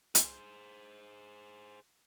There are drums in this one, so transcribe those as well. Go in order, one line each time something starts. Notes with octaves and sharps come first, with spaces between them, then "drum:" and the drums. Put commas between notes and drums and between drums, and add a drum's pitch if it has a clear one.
G#4 C5, drum: hi-hat